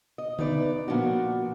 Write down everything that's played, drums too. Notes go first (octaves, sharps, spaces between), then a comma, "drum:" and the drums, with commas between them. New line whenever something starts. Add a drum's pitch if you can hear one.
D#5
E2 D#4 B4 D5, drum: tom C#3
A#2 F3 B3 D4 F#4